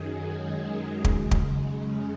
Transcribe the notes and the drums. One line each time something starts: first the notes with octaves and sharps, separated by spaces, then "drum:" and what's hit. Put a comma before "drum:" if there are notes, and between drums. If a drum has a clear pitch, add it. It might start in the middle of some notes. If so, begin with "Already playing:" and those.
Already playing: F#2 D#3 F#3 G#4
G#3
F#2 C#3, drum: kick
drum: kick
C#4